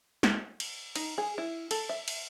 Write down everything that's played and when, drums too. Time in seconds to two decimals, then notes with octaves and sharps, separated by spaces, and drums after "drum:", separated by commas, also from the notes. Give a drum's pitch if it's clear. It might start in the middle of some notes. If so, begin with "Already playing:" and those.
0.23 drum: snare
0.60 drum: cymbal
0.96 D#4, drum: cymbal
1.18 G#4
1.38 E4
1.71 A4, drum: cymbal
1.89 E5
2.08 drum: cymbal